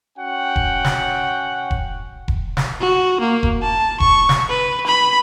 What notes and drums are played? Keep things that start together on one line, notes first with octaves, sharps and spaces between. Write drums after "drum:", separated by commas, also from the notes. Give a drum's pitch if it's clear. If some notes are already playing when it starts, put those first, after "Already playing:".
C#4 F#4 F#5 G5
drum: kick E1
drum: snare
drum: kick E1
drum: kick E1
drum: snare
F#4
A#3
drum: kick E1
A5
C#6, drum: kick E1
drum: snare
B4
B5